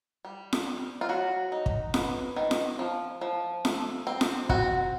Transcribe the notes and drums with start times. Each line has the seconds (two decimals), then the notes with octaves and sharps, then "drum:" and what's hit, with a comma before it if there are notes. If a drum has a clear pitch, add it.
0.25 G3
0.53 drum: snare F4
0.67 G3
1.01 F4
1.09 F#3 F#4
1.52 D#4
1.66 drum: kick
1.94 B3, drum: snare F4
2.36 D#3
2.51 drum: snare F4
2.79 F3
3.21 F3
3.65 A3, drum: snare F4
4.07 C4
4.21 drum: snare F4
4.49 C4 F#4, drum: kick